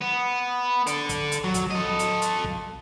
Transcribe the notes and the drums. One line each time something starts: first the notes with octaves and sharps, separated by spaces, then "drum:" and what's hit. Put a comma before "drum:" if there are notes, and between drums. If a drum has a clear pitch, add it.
B3
A4 D5, drum: hi-hat
drum: kick, hi-hat
drum: hi-hat
F#3
drum: kick, hi-hat
A4 D#5
drum: hi-hat
drum: hi-hat
drum: kick